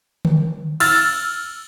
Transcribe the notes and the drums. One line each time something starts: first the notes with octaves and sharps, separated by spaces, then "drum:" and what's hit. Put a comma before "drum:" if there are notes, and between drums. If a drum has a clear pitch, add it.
drum: tom D3
E6 F6 A6, drum: cymbal